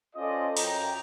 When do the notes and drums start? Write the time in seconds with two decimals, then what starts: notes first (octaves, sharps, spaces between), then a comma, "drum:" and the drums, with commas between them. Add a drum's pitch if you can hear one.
0.15 C#4 F4 A4 C5 D5 D#5
0.57 F#2 G5 A#5, drum: open hi-hat